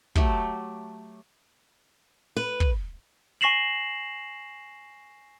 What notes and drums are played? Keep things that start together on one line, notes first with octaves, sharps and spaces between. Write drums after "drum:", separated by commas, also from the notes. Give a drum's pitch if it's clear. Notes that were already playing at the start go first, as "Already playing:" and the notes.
F#3 A3 G4, drum: kick
B4
drum: kick
G#5 C#6 A#6 C7 E7 F#7